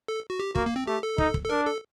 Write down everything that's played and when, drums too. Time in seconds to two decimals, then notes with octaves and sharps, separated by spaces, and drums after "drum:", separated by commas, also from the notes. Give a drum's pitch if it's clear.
0.08 A4
0.30 F#4
0.40 G4
0.55 A#3 F#4, drum: kick
0.66 A#3
0.76 C4
0.87 A3 G4
1.03 A4
1.18 D#4, drum: kick
1.34 drum: kick
1.44 A4
1.50 D4 A#4
1.66 A4